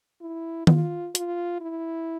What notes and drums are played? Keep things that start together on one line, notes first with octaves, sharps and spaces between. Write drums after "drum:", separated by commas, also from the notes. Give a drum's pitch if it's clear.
E4
F4, drum: tom D#3
F4, drum: hi-hat
E4